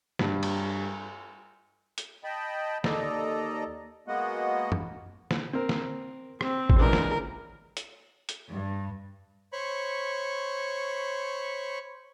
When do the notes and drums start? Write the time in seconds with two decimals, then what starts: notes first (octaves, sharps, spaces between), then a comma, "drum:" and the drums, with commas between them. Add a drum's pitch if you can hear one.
0.19 G2, drum: snare
0.43 drum: cymbal
1.98 drum: hi-hat
2.24 D#5 G5 A5 B5
2.84 D#2 A4 D5 D#5 A#5, drum: snare
4.08 G#3 A#3 B3 F#4 D#5 F#5
4.72 drum: tom F#2
5.31 drum: snare
5.53 C4 A#4
5.69 drum: snare
6.41 C4, drum: rim click
6.70 drum: kick
6.79 C#2 E3 D4 A#4
6.93 drum: snare
7.77 drum: hi-hat
8.29 drum: hi-hat
8.50 G2
9.53 C5 C#5 B5 C#6